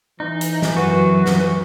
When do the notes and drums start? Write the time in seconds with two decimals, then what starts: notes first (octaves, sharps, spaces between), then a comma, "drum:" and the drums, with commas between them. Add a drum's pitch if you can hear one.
0.20 E3 D#4
0.41 drum: hi-hat
0.62 drum: snare
0.77 F#2 F#3 F#4 B4
1.26 drum: snare